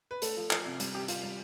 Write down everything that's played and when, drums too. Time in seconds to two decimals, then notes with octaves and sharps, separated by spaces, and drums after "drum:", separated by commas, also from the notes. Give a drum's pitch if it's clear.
0.11 B4
0.22 A3 A4, drum: hi-hat
0.37 F3
0.51 F3, drum: clap
0.66 C3
0.80 G3, drum: hi-hat
0.94 C3 G4
1.08 C3 F4, drum: hi-hat
1.23 G3